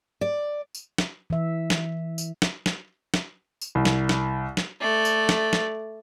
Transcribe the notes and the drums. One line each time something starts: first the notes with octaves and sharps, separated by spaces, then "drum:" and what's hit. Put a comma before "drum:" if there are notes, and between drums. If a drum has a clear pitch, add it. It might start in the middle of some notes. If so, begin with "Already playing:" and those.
D5
drum: tambourine
drum: snare
E3 E5
drum: snare
drum: tambourine
drum: snare
drum: snare
drum: snare
drum: tambourine
C2
drum: snare
drum: snare
drum: snare
A3 D5
drum: tambourine
drum: snare
drum: snare